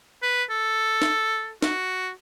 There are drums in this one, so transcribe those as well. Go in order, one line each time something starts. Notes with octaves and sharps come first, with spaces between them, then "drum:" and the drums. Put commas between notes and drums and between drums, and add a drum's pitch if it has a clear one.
B4
A4
drum: snare
F#4, drum: snare